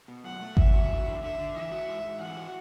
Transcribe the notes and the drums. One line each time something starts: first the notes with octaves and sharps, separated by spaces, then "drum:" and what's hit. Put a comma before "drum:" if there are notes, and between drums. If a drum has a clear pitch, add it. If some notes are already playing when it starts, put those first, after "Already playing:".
B2
F#2 F#5
A3
E3 E5, drum: kick G#1
F#4
D3
D3
D3 E5
D3
E3 E5
F#4
G#2
G#2
E3 F#5
F#4